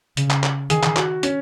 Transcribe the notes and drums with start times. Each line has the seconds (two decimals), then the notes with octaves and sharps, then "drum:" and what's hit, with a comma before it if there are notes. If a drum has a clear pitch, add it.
0.17 C#3, drum: hi-hat
0.30 drum: clap
0.43 drum: clap
0.70 D#3 G#4, drum: hi-hat
0.83 drum: clap
0.96 F#4, drum: clap
1.23 C#4, drum: hi-hat